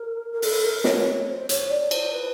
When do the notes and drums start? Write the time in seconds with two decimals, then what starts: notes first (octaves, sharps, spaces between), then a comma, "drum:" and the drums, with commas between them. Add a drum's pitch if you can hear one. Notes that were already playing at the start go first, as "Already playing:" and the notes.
Already playing: A#4
0.32 A#4
0.42 A4, drum: open hi-hat
0.64 A#4
0.84 C#5, drum: snare
1.28 C5
1.49 C#5, drum: hi-hat
1.70 D5
1.91 C5, drum: cymbal
2.12 B4